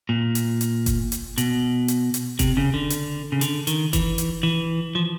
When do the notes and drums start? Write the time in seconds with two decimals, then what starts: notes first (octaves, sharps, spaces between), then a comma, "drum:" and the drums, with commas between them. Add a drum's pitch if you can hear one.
0.09 A#2
0.35 drum: hi-hat
0.61 drum: hi-hat
0.86 drum: kick F#1, hi-hat
1.12 drum: hi-hat
1.38 B2, drum: hi-hat
1.88 drum: hi-hat
2.14 drum: hi-hat
2.39 C3, drum: kick F#1, hi-hat
2.57 C#3
2.74 D3
2.90 drum: hi-hat
3.32 C#3
3.41 D3, drum: hi-hat
3.67 D#3, drum: hi-hat
3.93 E3, drum: kick F#1, hi-hat
4.18 drum: hi-hat
4.43 E3
4.95 F3